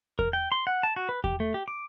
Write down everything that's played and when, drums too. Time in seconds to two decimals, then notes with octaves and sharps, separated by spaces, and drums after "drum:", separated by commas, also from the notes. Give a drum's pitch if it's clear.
0.19 A#4, drum: kick E2
0.33 G5
0.52 C6
0.67 F#5
0.83 A5
0.96 F#4
1.09 B4
1.24 G4, drum: kick E2
1.40 A3
1.54 G4
1.68 D6